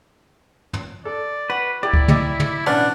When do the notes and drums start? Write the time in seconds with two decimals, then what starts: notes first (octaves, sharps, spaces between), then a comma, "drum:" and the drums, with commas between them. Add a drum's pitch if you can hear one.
0.73 drum: tom
1.05 A4 D5
1.50 F#4 B4
1.83 A#3 E4 G4 D5
1.93 drum: kick C#2
2.08 G4 D#5 E5, drum: tom
2.40 drum: tom
2.66 A1 B2 D4 F#5 F6, drum: open hi-hat